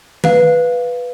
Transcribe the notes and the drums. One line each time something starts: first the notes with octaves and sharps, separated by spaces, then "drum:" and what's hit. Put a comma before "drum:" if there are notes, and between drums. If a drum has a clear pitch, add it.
B4 F5, drum: tom